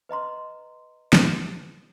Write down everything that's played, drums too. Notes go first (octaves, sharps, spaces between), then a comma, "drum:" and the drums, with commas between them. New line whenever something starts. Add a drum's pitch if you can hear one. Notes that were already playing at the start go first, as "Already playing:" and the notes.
B4 D#5 A#5 C6
drum: snare